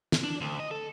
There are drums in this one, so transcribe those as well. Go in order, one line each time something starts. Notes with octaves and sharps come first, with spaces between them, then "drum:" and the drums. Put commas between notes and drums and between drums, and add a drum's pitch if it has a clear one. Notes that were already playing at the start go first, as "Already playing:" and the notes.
drum: snare
D4
D2
D#5
A4